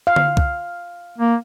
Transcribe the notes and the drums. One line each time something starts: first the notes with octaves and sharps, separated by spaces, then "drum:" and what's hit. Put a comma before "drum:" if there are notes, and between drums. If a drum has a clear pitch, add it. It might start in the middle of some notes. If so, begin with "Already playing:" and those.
F5
drum: tom D3
drum: kick
A#3